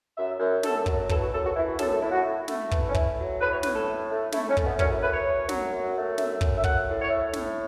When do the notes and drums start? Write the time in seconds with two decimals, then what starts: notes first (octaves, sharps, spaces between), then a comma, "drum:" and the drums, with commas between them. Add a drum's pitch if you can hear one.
0.16 F#2 E5
0.39 F#2
0.63 F#2 A4, drum: snare
0.86 F#3, drum: kick
1.09 E3 A4, drum: kick
1.21 F#4
1.32 F#2 A4
1.43 F#4
1.56 E3 E4
1.68 F#4
1.79 F#2 A4, drum: snare
1.91 A4
2.01 A2 E4
2.11 F#4
2.22 A3 E4
2.48 A3, drum: snare
2.71 E3, drum: kick
2.89 C#4
2.94 A3 E4, drum: kick
3.18 F#3
3.41 A2 B4
3.53 C#5
3.63 A2 B4, drum: snare
3.75 A4
3.87 A3
4.10 A3
4.32 A3 E4, drum: snare
4.49 C#4
4.57 A3, drum: kick
4.64 B3
4.79 F#2 C#4, drum: kick
4.91 E4
5.02 A3 B4
5.13 C#5
5.26 F#2
5.49 F#3, drum: snare
5.72 F#2
5.95 A3
6.18 F#2 E5, drum: snare
6.41 F#2, drum: kick
6.56 E5
6.64 A3 F#5, drum: kick
6.88 A2
7.02 C#5
7.10 A3 E5
7.33 A2, drum: snare